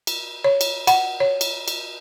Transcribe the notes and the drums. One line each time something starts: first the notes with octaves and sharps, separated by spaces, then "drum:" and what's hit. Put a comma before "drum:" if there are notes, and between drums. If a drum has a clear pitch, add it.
drum: cymbal
C#5
drum: cymbal
F#5, drum: cymbal
C#5
drum: cymbal
drum: cymbal